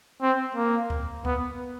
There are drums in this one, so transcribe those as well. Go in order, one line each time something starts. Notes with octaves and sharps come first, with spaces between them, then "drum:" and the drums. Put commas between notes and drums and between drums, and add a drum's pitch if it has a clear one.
C4
A#3
drum: kick C#2
B3, drum: kick C#2